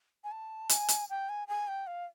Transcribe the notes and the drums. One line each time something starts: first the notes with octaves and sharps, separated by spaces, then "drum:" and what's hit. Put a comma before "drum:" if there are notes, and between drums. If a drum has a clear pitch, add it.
G#5
A5
G#5, drum: hi-hat
drum: hi-hat
G5
G#5
G#5
G5
F5